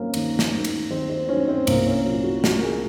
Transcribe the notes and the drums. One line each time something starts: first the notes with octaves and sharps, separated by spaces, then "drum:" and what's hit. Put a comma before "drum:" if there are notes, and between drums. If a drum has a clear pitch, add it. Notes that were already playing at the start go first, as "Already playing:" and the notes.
Already playing: D#3 F#3 A#3 C4 C#4
D#2, drum: cymbal
drum: snare
D#3 F#3
drum: cymbal
D#2 C4
C4
D#3 F#3 C#4
C4
C2 A#3, drum: cymbal
C#4
A#2 F#3
F#4
C2 F#4, drum: snare
A#4
G#4